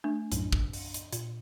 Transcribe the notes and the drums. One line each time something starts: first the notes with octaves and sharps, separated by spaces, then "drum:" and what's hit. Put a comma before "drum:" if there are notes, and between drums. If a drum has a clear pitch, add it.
A3 D4
B1 F#2 A2, drum: hi-hat
drum: kick
drum: open hi-hat
drum: hi-hat
A#2, drum: hi-hat